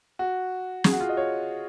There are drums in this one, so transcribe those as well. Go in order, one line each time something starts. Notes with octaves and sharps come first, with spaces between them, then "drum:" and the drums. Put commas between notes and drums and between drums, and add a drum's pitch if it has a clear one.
F#4
G#4, drum: snare
F#4
F4
D#5
C#5